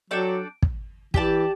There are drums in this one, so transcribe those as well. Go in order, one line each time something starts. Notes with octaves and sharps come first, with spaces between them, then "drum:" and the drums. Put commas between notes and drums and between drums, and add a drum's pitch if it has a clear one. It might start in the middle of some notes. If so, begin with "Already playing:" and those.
F#3 D4 A4 D5 G5
drum: kick
E3 G4 D5 A5, drum: kick